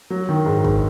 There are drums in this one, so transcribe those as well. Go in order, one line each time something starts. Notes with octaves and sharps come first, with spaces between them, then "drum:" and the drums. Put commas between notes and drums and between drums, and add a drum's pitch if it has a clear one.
F#3
D#3
G#2
G#2, drum: kick